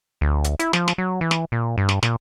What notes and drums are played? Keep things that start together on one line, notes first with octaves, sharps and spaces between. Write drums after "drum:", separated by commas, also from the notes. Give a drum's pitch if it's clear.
D2
drum: hi-hat
E4, drum: hi-hat
F3, drum: snare
drum: snare
F#3
E3
drum: snare
A#2
G2
drum: snare
A#2, drum: snare